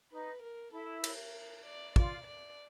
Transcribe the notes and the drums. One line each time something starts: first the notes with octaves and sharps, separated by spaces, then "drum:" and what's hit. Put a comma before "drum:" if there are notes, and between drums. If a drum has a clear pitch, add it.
D#4 B4
A#4
E4 A4
A#4, drum: cymbal
D5
F4 D5, drum: kick
D5